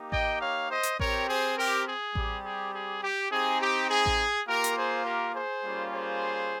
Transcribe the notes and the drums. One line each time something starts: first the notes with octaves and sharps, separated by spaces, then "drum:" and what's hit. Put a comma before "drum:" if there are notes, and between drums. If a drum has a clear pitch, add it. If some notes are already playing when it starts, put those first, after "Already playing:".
Already playing: A#3 D#4 G4
D#5 G5, drum: kick A1
C#5 F5
C5 D#5
drum: hi-hat
C4 G4 A#4 C#5, drum: kick A1
G#4 C5
G4 A#4
G#4
G3 C4 G4, drum: kick A1
G#4
G#4
G4
C4 D#4 G4 G#4
G4
G#4
drum: kick A1
A#3 F4 G4 A#4
drum: hi-hat
G#4 C5
G4 A#4
G#4 C5
G3 A#3 C#4 F4
G#4 C5